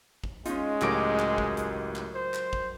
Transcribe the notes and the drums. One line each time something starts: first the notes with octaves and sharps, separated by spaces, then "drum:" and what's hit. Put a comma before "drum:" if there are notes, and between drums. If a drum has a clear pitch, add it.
drum: kick
G#3 C#4 D#4 F4, drum: hi-hat
C#2 A2 F#3 G4 A#4 D6, drum: clap
drum: clap
drum: kick
drum: hi-hat
drum: clap
C5
drum: clap
drum: kick